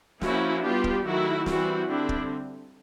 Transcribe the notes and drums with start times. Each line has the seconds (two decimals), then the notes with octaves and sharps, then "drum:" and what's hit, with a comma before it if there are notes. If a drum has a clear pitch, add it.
0.21 F3 A#3 C#4 E4 F#4, drum: snare
0.63 G3 B3 D4 F4 G4
0.84 drum: kick
1.04 D#3 F#3 A3 E4 F#4
1.46 E3 G3 C4 E4 F#4, drum: snare
1.88 D3 G3 C4 D4 E4
2.09 drum: kick